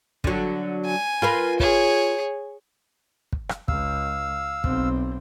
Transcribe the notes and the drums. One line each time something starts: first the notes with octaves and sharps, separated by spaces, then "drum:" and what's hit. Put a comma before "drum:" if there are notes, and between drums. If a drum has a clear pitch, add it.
D3 F#3, drum: kick
G#5
F4 A#4 B4
G#4 C#5, drum: kick
drum: kick
drum: rim click
C#2 F5 E6, drum: kick
B1 C4, drum: kick